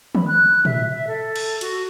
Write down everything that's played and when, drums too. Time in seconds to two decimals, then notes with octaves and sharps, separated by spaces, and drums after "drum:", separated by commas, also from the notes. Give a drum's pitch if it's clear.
0.15 B5, drum: tom
0.28 F#6
0.65 E5, drum: tom
0.90 E5
1.08 A4
1.36 drum: cymbal
1.61 F#4, drum: cymbal